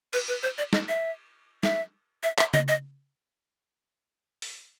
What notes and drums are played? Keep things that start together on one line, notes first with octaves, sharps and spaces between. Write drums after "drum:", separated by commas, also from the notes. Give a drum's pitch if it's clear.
B4, drum: cymbal
B4
C5
D5
D#5, drum: snare
E5
E5, drum: snare
E5
E5, drum: clap
D#5, drum: tom C#3
D#5
drum: open hi-hat